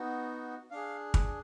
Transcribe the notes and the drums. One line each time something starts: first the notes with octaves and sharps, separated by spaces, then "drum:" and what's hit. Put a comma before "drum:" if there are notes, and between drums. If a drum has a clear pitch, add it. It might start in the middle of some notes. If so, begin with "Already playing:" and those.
Already playing: B3 D#4 F#4
D4 G#4 F5
drum: kick